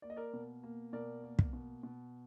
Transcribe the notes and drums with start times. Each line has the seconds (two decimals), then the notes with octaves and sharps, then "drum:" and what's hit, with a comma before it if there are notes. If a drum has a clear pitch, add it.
0.02 A#3 D5
0.10 D#5
0.16 A#4 D5
0.33 B2
0.63 A#3
0.93 B2 A#4 D5
1.23 A#3
1.39 drum: kick
1.53 B2
1.83 B2